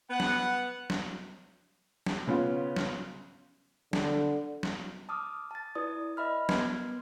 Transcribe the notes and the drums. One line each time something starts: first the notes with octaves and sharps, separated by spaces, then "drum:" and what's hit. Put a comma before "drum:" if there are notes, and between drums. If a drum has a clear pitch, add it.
B3 F#5
drum: snare
drum: snare
drum: snare
C#3 B3 C#4 F4
drum: snare
D3, drum: snare
drum: snare
A5 D6 D#6 F6
A5 A6
E4 B4 D5 D#6
D#5 E5 B5 F6
B3 A#4 B4 C6 F6 G#6, drum: snare